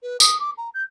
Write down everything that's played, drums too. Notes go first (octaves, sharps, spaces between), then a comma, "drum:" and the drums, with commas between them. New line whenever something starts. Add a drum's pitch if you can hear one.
B4
D#6, drum: tambourine
D6
A#5
G6